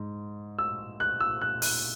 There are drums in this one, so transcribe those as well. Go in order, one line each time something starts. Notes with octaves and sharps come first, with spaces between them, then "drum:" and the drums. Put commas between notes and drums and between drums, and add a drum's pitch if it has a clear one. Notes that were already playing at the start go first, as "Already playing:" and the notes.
Already playing: G#2
E6
F#6
E6
F#6
F#6, drum: open hi-hat